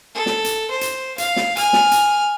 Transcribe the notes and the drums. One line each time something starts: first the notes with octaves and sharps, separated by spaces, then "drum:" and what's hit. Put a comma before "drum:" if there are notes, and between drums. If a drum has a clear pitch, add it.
A4
drum: snare
drum: hi-hat
C5
drum: hi-hat
F5, drum: hi-hat
drum: snare
G#5 F6, drum: hi-hat
drum: snare
drum: hi-hat